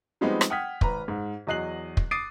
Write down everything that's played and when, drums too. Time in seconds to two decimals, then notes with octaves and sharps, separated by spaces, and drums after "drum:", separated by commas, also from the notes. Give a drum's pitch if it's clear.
0.21 F3 G3 G#3 B3 C4 D#4
0.41 drum: rim click
0.50 F#5 G5 D#6 F6 G#6 B6
0.81 G#1 B4 A#5, drum: kick
1.08 G#2
1.47 E2 F#3 D#5 F#6 C7 F#7
1.97 drum: kick
2.11 D6 D#6 A6 C7 D7 D#7